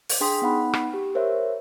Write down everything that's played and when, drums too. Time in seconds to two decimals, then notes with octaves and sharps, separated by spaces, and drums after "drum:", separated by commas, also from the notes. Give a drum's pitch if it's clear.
0.09 drum: open hi-hat
0.21 D4 G#4 G5 C6 D#6 B6
0.42 B3 D#4 F#5 B5
0.73 drum: rim click
0.94 G4
1.15 A#4 C5 C#5 E5